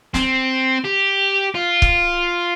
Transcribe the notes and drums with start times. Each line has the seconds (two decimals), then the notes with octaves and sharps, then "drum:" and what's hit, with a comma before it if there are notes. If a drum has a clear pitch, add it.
0.14 C4, drum: snare
0.84 G4
1.55 F4
1.82 drum: kick